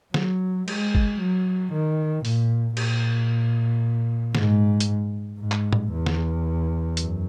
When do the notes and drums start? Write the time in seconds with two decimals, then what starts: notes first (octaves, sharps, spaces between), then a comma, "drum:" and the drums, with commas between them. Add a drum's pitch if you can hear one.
0.14 F#3, drum: snare
0.68 G#3, drum: cymbal
0.95 drum: kick
1.19 F#3
1.72 D#3
2.25 A#2, drum: open hi-hat
2.77 A#2, drum: cymbal
4.35 G#2, drum: snare
4.80 drum: hi-hat
5.39 G#2
5.52 drum: clap
5.73 drum: tom A2
5.92 E2
6.06 drum: snare
6.97 F#2, drum: hi-hat